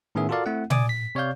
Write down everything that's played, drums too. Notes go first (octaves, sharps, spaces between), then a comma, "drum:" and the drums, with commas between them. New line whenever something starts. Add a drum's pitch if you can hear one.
A2 D#3 B3 C#4 G#4 E5
F4 F#4 A4 A#4 D5 F5
A3 C4 E4 F#5
D5 G#5 D6 D#6, drum: tom A#2
B6
C3 C#5 D5 F5 G6